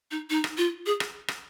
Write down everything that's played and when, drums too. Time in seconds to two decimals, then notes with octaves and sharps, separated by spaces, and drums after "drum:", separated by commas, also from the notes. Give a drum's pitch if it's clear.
0.11 D#4
0.30 D#4
0.44 drum: rim click
0.57 F4
0.86 G#4
1.00 drum: rim click
1.28 drum: rim click